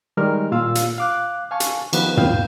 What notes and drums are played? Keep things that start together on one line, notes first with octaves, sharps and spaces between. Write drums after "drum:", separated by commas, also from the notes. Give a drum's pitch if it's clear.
D#3 G3 G#3 A#4 F6
A#2 F4 F5 E6
drum: hi-hat
F5 D6 F#6
F5 G#5 A5 C#6
drum: hi-hat
D#3 F3 B3 G4 B4, drum: cymbal
D#2 F5 G5 G6, drum: tom